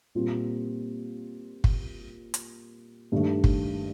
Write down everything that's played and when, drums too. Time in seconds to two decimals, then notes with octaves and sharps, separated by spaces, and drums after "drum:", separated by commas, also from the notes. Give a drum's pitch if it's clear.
0.15 A#2 G3 C4 F4
1.64 drum: kick
2.34 drum: hi-hat
3.12 G2 D#3 A3 D4
3.44 drum: kick